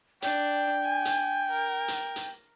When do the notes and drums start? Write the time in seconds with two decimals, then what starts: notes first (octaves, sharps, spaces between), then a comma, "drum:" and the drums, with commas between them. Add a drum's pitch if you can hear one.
0.22 D4 G5, drum: hi-hat
0.82 G#5
1.05 drum: hi-hat
1.50 A#4
1.88 drum: hi-hat
2.16 drum: hi-hat